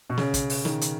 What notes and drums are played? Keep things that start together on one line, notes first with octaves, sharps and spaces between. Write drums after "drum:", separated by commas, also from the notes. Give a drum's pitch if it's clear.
B2
C#3, drum: snare
drum: kick, hi-hat
drum: open hi-hat
D#3, drum: snare
drum: hi-hat